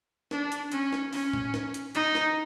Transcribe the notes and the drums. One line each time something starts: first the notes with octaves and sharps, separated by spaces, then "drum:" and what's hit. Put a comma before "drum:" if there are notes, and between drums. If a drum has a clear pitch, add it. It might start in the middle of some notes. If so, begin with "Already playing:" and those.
D4, drum: snare
drum: hi-hat
C#4, drum: hi-hat
drum: snare
C#4, drum: open hi-hat
drum: tom A2
drum: snare
drum: hi-hat
D#4, drum: hi-hat
drum: snare